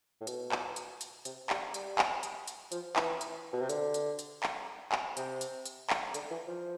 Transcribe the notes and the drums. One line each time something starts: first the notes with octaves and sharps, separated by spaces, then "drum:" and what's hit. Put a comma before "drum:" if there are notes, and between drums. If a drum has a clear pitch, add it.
A2
B2, drum: hi-hat
drum: clap
drum: hi-hat
drum: hi-hat
C3, drum: hi-hat
G3, drum: clap
G3, drum: hi-hat
drum: clap
drum: hi-hat
drum: hi-hat
F3, drum: hi-hat
E3, drum: clap
drum: hi-hat
B2
C3
D3, drum: hi-hat
drum: hi-hat
drum: hi-hat
drum: clap
drum: clap
C3, drum: hi-hat
drum: hi-hat
drum: hi-hat
drum: clap
D3, drum: hi-hat
E3
F3